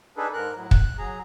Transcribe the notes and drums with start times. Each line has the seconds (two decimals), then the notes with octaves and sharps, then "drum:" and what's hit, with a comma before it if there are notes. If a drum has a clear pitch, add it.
0.17 D4 D#4 G#4 A4 B4
0.33 G#2 A#4 F#6
0.56 A2 F#3
0.71 F#6, drum: kick
0.98 F#3 G#4 A#5